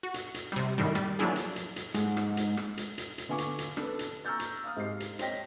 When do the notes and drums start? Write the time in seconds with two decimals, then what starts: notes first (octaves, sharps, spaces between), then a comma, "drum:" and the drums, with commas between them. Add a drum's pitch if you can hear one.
0.03 F#4
0.14 drum: hi-hat
0.34 drum: hi-hat
0.52 C3 G3, drum: rim click
0.78 F#2 A2 D#3 G3
0.95 G3, drum: rim click
1.19 F3 F#3 A#3 D4 E4 G#4
1.36 drum: hi-hat
1.56 drum: hi-hat
1.76 drum: hi-hat
1.94 G#2, drum: hi-hat
2.17 drum: rim click
2.37 drum: hi-hat
2.57 drum: rim click
2.77 drum: hi-hat
2.98 drum: hi-hat
3.18 drum: hi-hat
3.29 D3 B3 F4 G#5 C#6 D6
3.38 drum: hi-hat
3.59 drum: hi-hat
3.77 D4 A4 B4, drum: rim click
3.99 drum: hi-hat
4.25 A#5 C#6 E6 F6 G6 A6
4.40 drum: hi-hat
4.64 F5 D#6 F6
4.77 G#2 G4 C7
5.00 drum: hi-hat
5.19 C5 C#5 D#5 G5 A#6 B6, drum: hi-hat